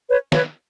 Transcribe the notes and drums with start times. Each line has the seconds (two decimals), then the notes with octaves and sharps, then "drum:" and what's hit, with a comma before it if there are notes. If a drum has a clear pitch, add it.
0.09 B4 C#5
0.32 B4 C#5, drum: snare